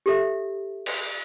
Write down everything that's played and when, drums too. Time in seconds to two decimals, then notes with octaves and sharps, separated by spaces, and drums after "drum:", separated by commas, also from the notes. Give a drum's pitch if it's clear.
0.06 G4 A4 E5
0.86 drum: cymbal